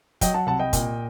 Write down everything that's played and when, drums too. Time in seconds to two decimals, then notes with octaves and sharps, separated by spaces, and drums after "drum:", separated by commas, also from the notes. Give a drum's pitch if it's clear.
0.21 F#3 D#5 G5, drum: kick, hi-hat
0.34 F#5 A5
0.47 C2 F#5 A5
0.59 D#5 G5
0.73 A#2, drum: kick, hi-hat